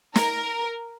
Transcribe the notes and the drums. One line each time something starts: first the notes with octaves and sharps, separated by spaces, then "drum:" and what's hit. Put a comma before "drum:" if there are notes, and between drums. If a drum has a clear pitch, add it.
A#4, drum: snare